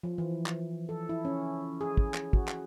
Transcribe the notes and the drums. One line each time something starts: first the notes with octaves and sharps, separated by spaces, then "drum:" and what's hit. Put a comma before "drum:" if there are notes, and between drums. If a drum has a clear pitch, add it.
F3
E3
drum: clap
A4
E4
C#4
G#4
drum: kick
drum: clap
F#4, drum: kick
drum: clap